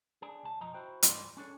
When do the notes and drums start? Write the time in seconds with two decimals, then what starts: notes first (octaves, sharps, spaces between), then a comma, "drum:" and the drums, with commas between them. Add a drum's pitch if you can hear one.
0.22 D4 G#4
0.43 C#2 A5
0.60 B1 F#2 F3 D#5 A#5
0.74 E4 F#4 C5 G5
1.03 C#2 G2 E3 G3 C6, drum: hi-hat
1.37 C#4 D4 G#4 A4 C#5